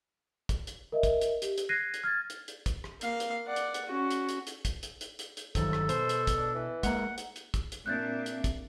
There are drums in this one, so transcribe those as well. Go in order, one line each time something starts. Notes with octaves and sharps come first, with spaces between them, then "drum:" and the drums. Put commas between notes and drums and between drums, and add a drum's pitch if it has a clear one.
drum: kick, hi-hat
drum: hi-hat
A#4 D#5 E5
drum: kick, hi-hat
drum: hi-hat
G4, drum: hi-hat
drum: hi-hat
F#6 G#6 A#6 C7 D#7
drum: hi-hat
F6 G#6 A6
drum: hi-hat
drum: hi-hat
drum: kick, hi-hat
drum: rim click
A#3 F5, drum: hi-hat
drum: hi-hat
D5 F#5
drum: hi-hat
drum: hi-hat
C#4 F#4
drum: hi-hat
drum: hi-hat
drum: hi-hat
drum: kick, hi-hat
drum: hi-hat
drum: hi-hat
drum: hi-hat
drum: hi-hat
G1 D#3 F3 F#3 A4, drum: kick, hi-hat
drum: rim click
B2 C5, drum: hi-hat
drum: hi-hat
drum: kick, hi-hat
D4
E3
G#3 A#3 F#5, drum: kick, hi-hat
drum: hi-hat
drum: hi-hat
drum: kick, hi-hat
drum: hi-hat
A#2 C4 D4 E5 F#6 G6 A6
drum: hi-hat
drum: kick, hi-hat